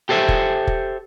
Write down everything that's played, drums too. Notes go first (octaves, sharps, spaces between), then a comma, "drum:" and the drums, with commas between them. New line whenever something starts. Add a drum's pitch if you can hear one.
G4 A4 C5 E5
drum: kick
drum: kick